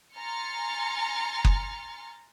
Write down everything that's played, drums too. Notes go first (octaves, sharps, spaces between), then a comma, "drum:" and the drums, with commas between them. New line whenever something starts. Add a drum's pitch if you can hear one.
G#5 A#5 C6 F6 A6 C#7
drum: kick F#1